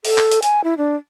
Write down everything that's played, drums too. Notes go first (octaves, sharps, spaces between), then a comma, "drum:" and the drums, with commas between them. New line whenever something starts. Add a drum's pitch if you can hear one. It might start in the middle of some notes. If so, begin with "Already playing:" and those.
A4, drum: open hi-hat
drum: clap
drum: hi-hat
G#5, drum: hi-hat
E4
D4